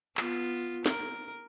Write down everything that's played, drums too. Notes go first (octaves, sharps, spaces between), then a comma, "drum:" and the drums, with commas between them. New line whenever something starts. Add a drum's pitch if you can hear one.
B3 F4, drum: clap
A#4, drum: snare